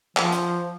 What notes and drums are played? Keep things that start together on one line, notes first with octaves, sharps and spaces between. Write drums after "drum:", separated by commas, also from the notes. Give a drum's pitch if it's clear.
F3, drum: clap
drum: hi-hat